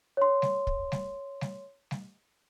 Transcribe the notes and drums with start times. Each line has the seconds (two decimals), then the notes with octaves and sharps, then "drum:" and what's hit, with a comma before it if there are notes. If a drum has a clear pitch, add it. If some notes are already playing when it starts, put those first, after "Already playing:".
0.17 C#5 C6
0.42 drum: snare G3
0.67 drum: kick
0.92 drum: snare G3
1.41 drum: snare G3
1.91 drum: snare G3